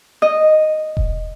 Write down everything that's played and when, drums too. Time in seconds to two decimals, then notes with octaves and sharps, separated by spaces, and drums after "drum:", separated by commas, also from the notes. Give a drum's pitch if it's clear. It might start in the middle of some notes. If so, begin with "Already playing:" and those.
0.22 D#5
0.97 drum: kick E1